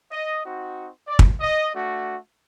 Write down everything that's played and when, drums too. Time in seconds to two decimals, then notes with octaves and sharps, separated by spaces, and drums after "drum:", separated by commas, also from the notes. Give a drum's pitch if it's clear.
0.12 D#5
0.44 C4 D#4 F#4
1.08 D5
1.19 drum: kick
1.40 D#5
1.72 A3 D4 F#4